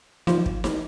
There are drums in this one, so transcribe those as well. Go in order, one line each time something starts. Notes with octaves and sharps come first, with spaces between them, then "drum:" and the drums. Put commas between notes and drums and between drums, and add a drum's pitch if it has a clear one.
F3, drum: snare D#4
drum: kick
drum: snare D#4